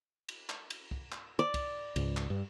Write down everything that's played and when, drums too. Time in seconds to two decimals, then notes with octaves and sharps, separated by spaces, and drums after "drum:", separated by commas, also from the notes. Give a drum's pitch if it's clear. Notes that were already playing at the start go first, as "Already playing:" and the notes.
0.29 drum: cymbal
0.49 drum: clap
0.70 drum: cymbal
0.91 drum: kick
1.12 drum: clap
1.39 D5
1.54 drum: kick, cymbal
1.96 C#2 G#2, drum: cymbal
2.17 drum: clap
2.30 G2